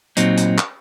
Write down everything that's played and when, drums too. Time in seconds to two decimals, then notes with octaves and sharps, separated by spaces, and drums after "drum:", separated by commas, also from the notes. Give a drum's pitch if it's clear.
0.17 A#2 F#3 C4 D#4, drum: hi-hat
0.38 drum: hi-hat
0.58 drum: clap